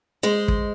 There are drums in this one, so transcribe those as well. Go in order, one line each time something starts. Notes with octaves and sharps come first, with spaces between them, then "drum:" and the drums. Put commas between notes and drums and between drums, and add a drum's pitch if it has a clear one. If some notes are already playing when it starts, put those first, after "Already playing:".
G#3 C5
drum: kick